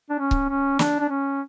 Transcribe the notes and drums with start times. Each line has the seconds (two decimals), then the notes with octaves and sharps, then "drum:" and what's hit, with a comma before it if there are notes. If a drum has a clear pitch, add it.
0.10 D4
0.19 C#4
0.31 drum: kick C#1
0.49 C#4
0.79 D4, drum: snare
1.00 D4
1.09 C#4